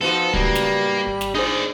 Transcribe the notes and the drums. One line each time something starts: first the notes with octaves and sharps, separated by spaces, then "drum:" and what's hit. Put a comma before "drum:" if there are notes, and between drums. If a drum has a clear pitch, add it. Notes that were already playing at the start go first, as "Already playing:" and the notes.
F3 B3 D#4 F#4 A4
A2 C#3 F#3 G3 A#3, drum: kick
drum: snare
G#1
drum: snare
A2 D4 D#4 G#4 C5 D5